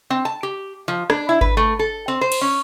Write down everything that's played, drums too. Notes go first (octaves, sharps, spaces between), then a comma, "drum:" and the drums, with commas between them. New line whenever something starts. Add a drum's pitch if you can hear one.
C4
A5
G4
F3
D4, drum: rim click
E4
B4, drum: kick G#1
A3
A4
C4
C5
drum: cymbal
C#4